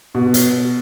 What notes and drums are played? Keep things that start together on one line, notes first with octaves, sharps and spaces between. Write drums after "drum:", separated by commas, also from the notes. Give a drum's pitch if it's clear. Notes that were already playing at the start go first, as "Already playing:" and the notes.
B2
drum: hi-hat